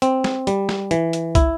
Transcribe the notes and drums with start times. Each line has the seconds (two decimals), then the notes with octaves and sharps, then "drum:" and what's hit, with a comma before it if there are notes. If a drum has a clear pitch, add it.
0.02 C4, drum: hi-hat
0.24 drum: snare
0.47 G3, drum: hi-hat
0.69 drum: snare
0.91 E3, drum: hi-hat
1.13 drum: hi-hat
1.35 E4, drum: kick, hi-hat